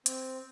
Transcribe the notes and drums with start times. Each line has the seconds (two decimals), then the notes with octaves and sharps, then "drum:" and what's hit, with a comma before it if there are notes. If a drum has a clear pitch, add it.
0.06 C4, drum: hi-hat